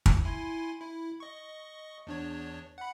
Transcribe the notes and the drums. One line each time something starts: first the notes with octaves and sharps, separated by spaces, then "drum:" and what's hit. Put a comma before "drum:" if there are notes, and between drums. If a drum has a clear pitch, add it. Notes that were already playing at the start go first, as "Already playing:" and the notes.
drum: kick
E4 G#5 C6
E4
D#5 C#6
E2 D4 C#5
F#5 B5